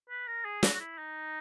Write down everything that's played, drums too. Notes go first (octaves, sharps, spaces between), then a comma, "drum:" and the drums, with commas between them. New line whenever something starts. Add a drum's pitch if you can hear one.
B4
A#4
G#4
F#4, drum: snare
F#4
E4
D#4